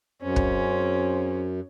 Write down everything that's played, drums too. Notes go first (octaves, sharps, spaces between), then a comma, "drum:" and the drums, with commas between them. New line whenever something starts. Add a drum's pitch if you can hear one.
F#2 C4 C#4 G#4 C5
drum: kick